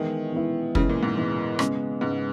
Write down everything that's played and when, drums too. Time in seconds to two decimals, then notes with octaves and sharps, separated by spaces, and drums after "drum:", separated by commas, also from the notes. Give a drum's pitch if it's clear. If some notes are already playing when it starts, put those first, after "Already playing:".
Already playing: D#3 E3 G#3 B3 E4
0.33 E3 G#3 B3 E4
0.75 C#3 E3 G#3 B3 E4, drum: kick
0.89 A#2
1.03 G#2
1.17 E3 G#3 B3 E4
1.59 C#3 G#3 B3, drum: rim click
2.01 G#2 C#3 G#3 B3